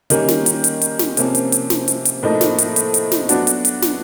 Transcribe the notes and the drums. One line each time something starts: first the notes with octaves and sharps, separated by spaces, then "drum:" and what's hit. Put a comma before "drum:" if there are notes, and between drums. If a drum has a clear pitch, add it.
D#3 G3 A#3 C#4, drum: hi-hat
drum: snare
drum: hi-hat
drum: hi-hat
drum: hi-hat
drum: snare
C3 F3 A#3 C#4, drum: hi-hat
drum: hi-hat
drum: hi-hat
drum: snare
drum: hi-hat
drum: hi-hat
A2 F3 A#3 D#4
drum: snare
drum: hi-hat
drum: hi-hat
drum: hi-hat
drum: snare
F#3 B3 D4 F#4, drum: hi-hat
drum: hi-hat
drum: hi-hat
drum: snare